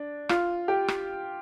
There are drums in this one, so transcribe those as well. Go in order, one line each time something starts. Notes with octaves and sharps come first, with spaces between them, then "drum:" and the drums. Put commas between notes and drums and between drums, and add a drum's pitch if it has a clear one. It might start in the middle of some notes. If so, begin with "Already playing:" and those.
Already playing: D4
F4, drum: rim click
G4
drum: rim click